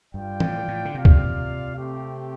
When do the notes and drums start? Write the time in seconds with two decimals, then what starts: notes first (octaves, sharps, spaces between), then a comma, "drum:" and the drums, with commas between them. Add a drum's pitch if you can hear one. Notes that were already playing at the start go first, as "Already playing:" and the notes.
0.13 G2 F4 D5 G5
0.40 A2, drum: tom E3
0.68 A2
0.85 D3
0.94 C3 F4 D5 F5
1.05 drum: kick
1.75 A3 C4 G4